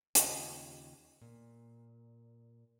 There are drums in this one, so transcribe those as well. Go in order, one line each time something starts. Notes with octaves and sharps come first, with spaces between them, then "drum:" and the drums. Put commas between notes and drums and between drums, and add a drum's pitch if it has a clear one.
D#2 C#3 F4 G4 D#5 G#5, drum: hi-hat
A#2